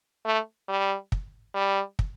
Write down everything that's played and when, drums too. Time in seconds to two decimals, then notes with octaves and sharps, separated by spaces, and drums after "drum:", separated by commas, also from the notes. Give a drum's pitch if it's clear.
0.25 A3
0.69 G3
1.12 drum: kick
1.55 G3
1.99 drum: kick